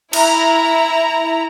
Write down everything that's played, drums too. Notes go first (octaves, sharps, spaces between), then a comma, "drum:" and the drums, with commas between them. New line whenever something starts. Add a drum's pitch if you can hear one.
E4 A#5, drum: cymbal